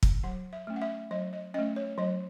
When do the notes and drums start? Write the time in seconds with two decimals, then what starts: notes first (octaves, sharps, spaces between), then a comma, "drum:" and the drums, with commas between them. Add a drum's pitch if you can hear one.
0.03 drum: kick
0.24 F#3 F#5
0.53 E5
0.67 A3 C#4
0.76 F#5
0.82 E5
1.11 F#3 D#5
1.33 D#5
1.54 A3 C#4 D#5
1.76 C#5
1.98 F#3 D#5